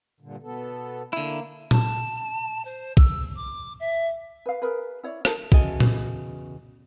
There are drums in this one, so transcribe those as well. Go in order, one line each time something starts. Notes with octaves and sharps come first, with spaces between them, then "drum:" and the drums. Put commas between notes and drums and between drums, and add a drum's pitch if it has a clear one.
G2 A#2 D3
B2 B3 A4
D3 A#3 E4
A5, drum: tom A#2
C5
E6, drum: kick
D6
E5
B4 F5
G#4 A#4 B4
E4 C#5 D5
D#4 A4 A#4 C5, drum: rim click
E2 C#3 F#4 A4 D#5 G#5, drum: kick
drum: tom A#2